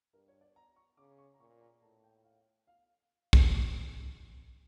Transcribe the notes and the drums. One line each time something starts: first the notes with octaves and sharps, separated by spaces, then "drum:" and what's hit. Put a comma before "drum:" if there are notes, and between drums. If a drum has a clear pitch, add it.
G2 A#4
C#5
D5
A#5
C#6
C#3 D6
C#6
A#5
A#2 C#6
A#5
A2 A5
G5
F5
F5
drum: kick